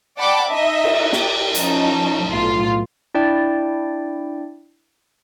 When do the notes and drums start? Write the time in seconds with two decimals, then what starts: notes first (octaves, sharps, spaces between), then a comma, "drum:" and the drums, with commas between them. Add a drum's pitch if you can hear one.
0.17 D5 F#5 G5 A5 B5 D6
0.47 D#4 D#5 E5
0.84 drum: cymbal
1.13 G4, drum: snare
1.55 F3 C#4 D#4 A5, drum: hi-hat
2.28 B1 A2 F4
3.14 D4 E4 D5 G5